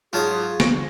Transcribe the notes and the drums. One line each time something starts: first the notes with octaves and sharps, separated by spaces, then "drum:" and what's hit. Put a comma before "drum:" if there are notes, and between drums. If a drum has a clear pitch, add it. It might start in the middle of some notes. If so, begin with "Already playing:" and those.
G#2 F#3 F4 G#4 C#5 A5 D#6
D3 E3 F3 C#6 A#6 D7, drum: snare